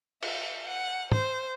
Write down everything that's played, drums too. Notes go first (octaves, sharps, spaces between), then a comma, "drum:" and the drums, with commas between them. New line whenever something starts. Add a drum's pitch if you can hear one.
E5, drum: cymbal
F#5
C5, drum: tom